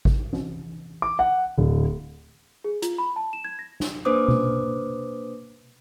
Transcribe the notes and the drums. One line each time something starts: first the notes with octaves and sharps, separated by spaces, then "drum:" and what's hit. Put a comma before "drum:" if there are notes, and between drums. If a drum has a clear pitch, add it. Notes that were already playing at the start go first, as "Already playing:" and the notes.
drum: kick G#1
drum: tom
D6
F#5
D1
G#4
F4, drum: hi-hat
B5
A5
E7
G#6
A#6
drum: snare
A#3 D4 B4 C5 D6 D#6
drum: tom B2